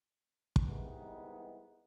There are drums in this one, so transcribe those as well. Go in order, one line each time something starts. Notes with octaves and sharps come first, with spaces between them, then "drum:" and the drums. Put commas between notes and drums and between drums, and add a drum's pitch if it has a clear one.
drum: kick
C2 E3 G3 G#3 B3 D#4